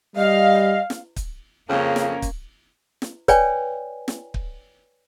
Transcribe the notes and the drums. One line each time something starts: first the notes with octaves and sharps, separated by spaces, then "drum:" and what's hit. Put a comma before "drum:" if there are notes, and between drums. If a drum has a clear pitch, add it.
G3 D#5 F5
drum: snare
drum: kick, hi-hat
F2 C#3 A#3 C#4
drum: snare
drum: kick, hi-hat
drum: snare
B4 C#5 D5 G5 G#5, drum: kick, hi-hat
drum: snare
drum: kick